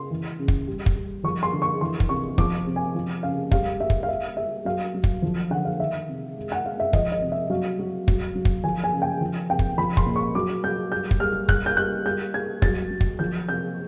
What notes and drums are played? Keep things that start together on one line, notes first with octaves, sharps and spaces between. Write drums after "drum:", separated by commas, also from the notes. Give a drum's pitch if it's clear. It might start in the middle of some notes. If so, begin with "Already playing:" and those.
Already playing: C#3 C6
E3
C#3
drum: kick
G3
drum: kick
G3
F3 C#6
C6
D3
C#6
E3 C6
drum: kick
C3 C#6
F3 D6, drum: kick
C3
G#5
F3
C#3 F5
G3 F5, drum: kick
G3 E5
drum: kick
F5
G3 E5
G3 E5
F#3 F5
F#3
drum: kick
F3
D3 F#5
F5
D#3 E5
C3
G#3
F#5
G#3 F5
E5
F3 D#5, drum: kick
D#5
C3
E5
F#3 F5
F#3
F#3, drum: kick
F#3
drum: kick
F3 G#5
G#5
C#3
G5
F3
C3 G5
drum: kick
F3 B5
C6, drum: kick
A#2
C#6
F#3 D6
F#3 G6
G3 G6
drum: kick
G3 F6
G3 F#6, drum: kick
G6
G3 F#6
G3 G6
G3 G#6
F#3 A6, drum: kick
F#3
drum: kick
F3 G6
C3 G6